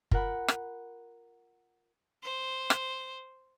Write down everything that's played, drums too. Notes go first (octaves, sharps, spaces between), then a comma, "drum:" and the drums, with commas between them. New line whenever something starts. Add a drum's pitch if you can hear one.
F4 A#4 F#5 B5, drum: kick
drum: rim click
C5
drum: rim click